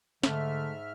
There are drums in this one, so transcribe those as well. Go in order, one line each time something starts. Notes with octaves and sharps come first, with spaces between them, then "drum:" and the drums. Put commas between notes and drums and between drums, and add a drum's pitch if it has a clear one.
G#2 D3 A3 E5 F6, drum: snare